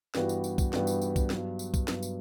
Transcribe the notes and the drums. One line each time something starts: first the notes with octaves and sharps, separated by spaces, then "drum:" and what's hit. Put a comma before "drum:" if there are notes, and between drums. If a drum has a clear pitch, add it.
G2 E3 G3 B3 F#4, drum: snare
drum: tambourine
drum: tambourine
drum: kick, tambourine
G2 E3 G3 B3 F#4, drum: snare
drum: tambourine
drum: tambourine
drum: kick, tambourine
G2 F#3 B3, drum: snare
drum: tambourine
drum: kick, tambourine
G2 F#3 B3, drum: snare
drum: tambourine